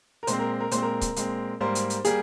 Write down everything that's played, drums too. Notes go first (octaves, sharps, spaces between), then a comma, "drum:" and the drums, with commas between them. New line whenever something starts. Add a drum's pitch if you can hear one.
A#4
A#2 G#3 C4 C5, drum: hi-hat
A#4
A#4
A#2 G#3 C4 C5, drum: hi-hat
A#4
drum: kick C#1, hi-hat
A#2 G#3 C4, drum: hi-hat
G#2 G3 A#3 C5
drum: hi-hat
drum: hi-hat
G3 A#3 G#4, drum: hi-hat